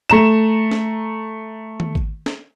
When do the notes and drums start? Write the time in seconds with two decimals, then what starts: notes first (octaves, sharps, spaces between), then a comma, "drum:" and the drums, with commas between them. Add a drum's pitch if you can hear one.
0.10 A3 A#5 E7
0.71 drum: snare
1.80 drum: tom D#3
1.95 drum: kick G#1
2.26 drum: snare